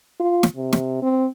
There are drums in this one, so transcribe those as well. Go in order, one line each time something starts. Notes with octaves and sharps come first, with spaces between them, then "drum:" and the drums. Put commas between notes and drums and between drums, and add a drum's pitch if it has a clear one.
F4
drum: snare
C3
drum: snare
C4